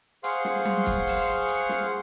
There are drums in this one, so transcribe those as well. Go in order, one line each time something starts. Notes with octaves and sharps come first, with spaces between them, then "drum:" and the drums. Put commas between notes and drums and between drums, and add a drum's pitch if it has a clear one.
G#4 C5 F5 F#5 C6 C#6, drum: hi-hat
drum: snare
drum: tom F#3
drum: kick, hi-hat
drum: open hi-hat
drum: hi-hat
drum: snare